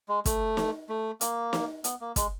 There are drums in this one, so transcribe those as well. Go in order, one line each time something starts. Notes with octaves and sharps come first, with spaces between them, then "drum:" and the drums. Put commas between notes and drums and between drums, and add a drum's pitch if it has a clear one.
G#3
A3, drum: kick, hi-hat
drum: snare
A3
A#3, drum: hi-hat
drum: snare
B3, drum: hi-hat
A#3
G#3, drum: kick, hi-hat